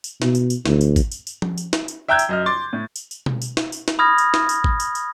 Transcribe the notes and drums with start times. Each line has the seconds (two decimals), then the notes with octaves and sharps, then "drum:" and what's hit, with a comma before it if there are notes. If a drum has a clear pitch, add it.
0.04 drum: tambourine
0.22 B2, drum: snare
0.35 drum: tambourine
0.50 drum: tambourine
0.65 D2, drum: snare
0.81 drum: tambourine
0.96 drum: kick G#1, tambourine
1.12 drum: tambourine
1.27 drum: tambourine
1.42 drum: tom F3
1.58 drum: tambourine
1.73 drum: snare
1.88 drum: tambourine
2.08 E5 G5 A#5 E6 G6 G#6
2.19 drum: tambourine
2.29 F#2 D#5 F6
2.46 C6 D6 A6
2.73 A2
2.96 drum: tambourine
3.11 drum: tambourine
3.26 drum: tom B2
3.42 drum: tambourine
3.57 drum: snare
3.72 drum: tambourine
3.88 drum: snare
3.99 B5 D#6 F6 G#6 A#6
4.18 drum: tambourine
4.34 drum: snare
4.49 drum: tambourine
4.64 drum: kick G#1
4.80 drum: tambourine
4.95 drum: tambourine